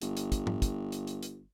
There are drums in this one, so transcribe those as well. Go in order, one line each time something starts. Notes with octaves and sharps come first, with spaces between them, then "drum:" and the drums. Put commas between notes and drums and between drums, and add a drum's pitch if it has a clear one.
G1, drum: hi-hat
drum: hi-hat
drum: kick, hi-hat
drum: tom
drum: kick, hi-hat
drum: hi-hat
drum: hi-hat
drum: hi-hat